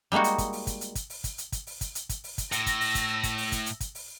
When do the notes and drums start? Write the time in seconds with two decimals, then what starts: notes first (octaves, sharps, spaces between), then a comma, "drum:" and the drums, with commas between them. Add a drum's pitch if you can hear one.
0.12 G3 G#3 A#3 D#4 F#4
0.24 drum: hi-hat
0.38 drum: kick, hi-hat
0.53 drum: open hi-hat
0.67 drum: kick, hi-hat
0.81 drum: hi-hat
0.95 drum: kick, hi-hat
1.10 drum: open hi-hat
1.24 drum: kick, hi-hat
1.38 drum: hi-hat
1.52 drum: kick, hi-hat
1.67 drum: open hi-hat
1.81 drum: kick, hi-hat
1.95 drum: hi-hat
2.09 drum: kick, hi-hat
2.24 drum: open hi-hat
2.38 drum: kick, hi-hat
2.52 A2 E6 A#6, drum: hi-hat
2.66 drum: kick, hi-hat
2.81 drum: open hi-hat
2.95 drum: kick, hi-hat
3.23 drum: kick, hi-hat
3.38 drum: open hi-hat
3.52 drum: kick, hi-hat
3.66 drum: hi-hat
3.80 drum: kick, hi-hat
3.95 drum: open hi-hat